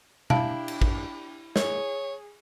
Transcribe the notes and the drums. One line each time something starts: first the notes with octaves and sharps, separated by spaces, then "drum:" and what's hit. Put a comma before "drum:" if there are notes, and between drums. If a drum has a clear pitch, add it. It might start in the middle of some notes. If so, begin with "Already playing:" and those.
D4 E4 G4 F5 A5, drum: tom B2
drum: cymbal
drum: kick A1
G#4 C#5, drum: snare